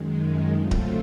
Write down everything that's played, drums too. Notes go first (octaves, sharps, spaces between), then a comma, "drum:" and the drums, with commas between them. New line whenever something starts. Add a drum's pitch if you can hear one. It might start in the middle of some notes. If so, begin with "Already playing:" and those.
Already playing: F#2 D#3 G#3
D3 F#3 A3 C4 F4
drum: kick D1